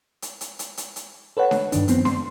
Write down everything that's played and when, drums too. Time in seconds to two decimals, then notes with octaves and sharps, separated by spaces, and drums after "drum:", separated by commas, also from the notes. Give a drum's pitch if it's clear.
0.22 drum: hi-hat
0.41 drum: hi-hat
0.59 drum: hi-hat
0.77 drum: hi-hat
0.96 drum: hi-hat
1.37 A4 B4 C#5 F#5
1.51 drum: snare D4
1.72 G2 D#3 D4, drum: hi-hat
1.88 F3 B3 C4, drum: hi-hat
2.05 C6, drum: snare D4